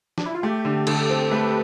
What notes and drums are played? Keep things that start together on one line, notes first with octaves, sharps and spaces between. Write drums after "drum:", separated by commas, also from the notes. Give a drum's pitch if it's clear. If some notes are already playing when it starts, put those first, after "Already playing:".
D4, drum: snare
E4
F4
A3 G4
D3
D3 A4, drum: cymbal
C4
A3 B4